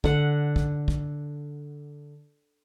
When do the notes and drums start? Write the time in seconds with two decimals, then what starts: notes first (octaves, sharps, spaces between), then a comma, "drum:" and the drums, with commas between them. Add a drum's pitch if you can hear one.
0.04 D3 F#5, drum: kick
0.56 drum: kick
0.88 drum: kick